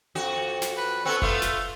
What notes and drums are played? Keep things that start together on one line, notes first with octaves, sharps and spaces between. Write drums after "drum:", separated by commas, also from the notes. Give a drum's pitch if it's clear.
F2 F#4
drum: snare
B4
B3 C4 A4 F#5 C#6
A3 B3 F4, drum: kick F#1
drum: snare